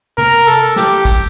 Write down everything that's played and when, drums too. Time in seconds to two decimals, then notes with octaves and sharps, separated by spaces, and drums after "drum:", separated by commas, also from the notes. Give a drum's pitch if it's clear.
0.18 A#4, drum: tom C3
0.47 A4, drum: tambourine
0.76 G4, drum: snare
1.05 drum: kick, tambourine